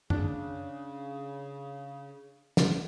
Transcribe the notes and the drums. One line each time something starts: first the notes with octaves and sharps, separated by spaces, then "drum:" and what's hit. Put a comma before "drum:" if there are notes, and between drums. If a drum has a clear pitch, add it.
C#3 D4, drum: tom F#2
drum: snare